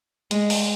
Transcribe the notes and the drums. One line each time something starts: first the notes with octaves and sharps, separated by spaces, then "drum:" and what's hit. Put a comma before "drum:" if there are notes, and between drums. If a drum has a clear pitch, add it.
G#3, drum: hi-hat
drum: open hi-hat